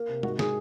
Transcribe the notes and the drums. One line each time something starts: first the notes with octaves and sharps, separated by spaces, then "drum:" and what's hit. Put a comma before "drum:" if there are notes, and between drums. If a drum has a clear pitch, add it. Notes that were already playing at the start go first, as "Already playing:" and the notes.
Already playing: A#3
C3
G#2 F#4, drum: tom G#3
G#4, drum: snare